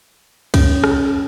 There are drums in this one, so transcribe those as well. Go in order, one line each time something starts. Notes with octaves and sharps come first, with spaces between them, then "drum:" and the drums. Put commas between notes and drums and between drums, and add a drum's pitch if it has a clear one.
C#4, drum: kick C2, cymbal
drum: rim click